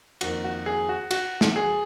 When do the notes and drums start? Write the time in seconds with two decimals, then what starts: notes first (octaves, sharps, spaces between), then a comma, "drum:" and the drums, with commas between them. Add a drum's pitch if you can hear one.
0.21 F2 D#3 A#3 F#4, drum: cymbal
0.44 F#4
0.66 G#4
0.89 F#4
1.11 F#4, drum: cymbal
1.41 drum: snare
1.56 G#4